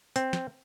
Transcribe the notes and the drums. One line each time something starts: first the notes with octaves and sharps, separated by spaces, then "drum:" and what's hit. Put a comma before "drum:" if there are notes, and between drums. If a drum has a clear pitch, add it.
C4, drum: hi-hat
drum: snare